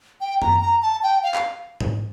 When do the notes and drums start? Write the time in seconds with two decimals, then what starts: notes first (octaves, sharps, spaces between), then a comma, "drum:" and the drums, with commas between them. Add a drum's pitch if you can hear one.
0.21 G5
0.42 A#5, drum: tom F#2
0.62 A#5
0.82 A5
1.03 G5
1.23 F5
1.34 drum: clap
1.81 drum: tom G#2